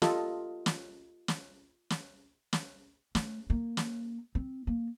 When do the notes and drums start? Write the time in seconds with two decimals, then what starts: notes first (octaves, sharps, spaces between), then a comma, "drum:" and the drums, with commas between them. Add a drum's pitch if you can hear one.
0.02 F4 G4 A4 D#5, drum: snare
0.66 drum: snare
1.28 drum: snare
1.90 drum: snare
2.53 drum: snare
3.15 A3, drum: snare
3.50 A#3
3.77 drum: snare
4.35 C4
4.67 A#3